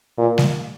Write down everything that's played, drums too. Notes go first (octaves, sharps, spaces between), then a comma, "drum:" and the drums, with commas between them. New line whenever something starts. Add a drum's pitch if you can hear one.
A#2
drum: snare G3